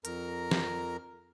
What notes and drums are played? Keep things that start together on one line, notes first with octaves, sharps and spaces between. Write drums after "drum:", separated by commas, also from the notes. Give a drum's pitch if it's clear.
F2 A#4 A#5, drum: hi-hat
drum: snare